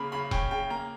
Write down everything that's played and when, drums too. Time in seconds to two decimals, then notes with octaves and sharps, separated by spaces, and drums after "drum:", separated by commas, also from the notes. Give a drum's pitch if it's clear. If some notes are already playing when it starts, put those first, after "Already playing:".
Already playing: C#3 A#3 B5
0.12 C#3 B5
0.31 C#4 G5, drum: kick E1
0.51 C#3 G5
0.70 A#3 A#5